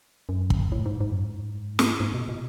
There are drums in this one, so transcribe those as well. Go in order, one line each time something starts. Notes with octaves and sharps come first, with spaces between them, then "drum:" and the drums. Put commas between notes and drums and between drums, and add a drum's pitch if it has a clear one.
F#2
drum: kick
A2
G#2
G#2
F#2
G#2
drum: snare
G#2
B2
B2